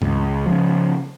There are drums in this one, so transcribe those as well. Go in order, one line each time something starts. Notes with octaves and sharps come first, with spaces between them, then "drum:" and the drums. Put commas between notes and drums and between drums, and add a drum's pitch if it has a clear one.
C#2, drum: tom G2
C#3 F3